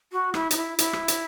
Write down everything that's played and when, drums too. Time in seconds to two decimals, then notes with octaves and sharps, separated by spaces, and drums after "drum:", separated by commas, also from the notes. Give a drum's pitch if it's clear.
0.12 F#4
0.34 E4, drum: rim click
0.51 D#4, drum: hi-hat
0.56 E4
0.78 E4, drum: hi-hat
0.93 drum: rim click
1.08 drum: hi-hat